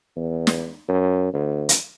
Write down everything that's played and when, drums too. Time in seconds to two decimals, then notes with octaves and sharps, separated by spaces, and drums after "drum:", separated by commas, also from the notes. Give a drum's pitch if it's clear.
0.16 E2
0.47 drum: snare
0.88 F#2
1.33 D2
1.69 drum: hi-hat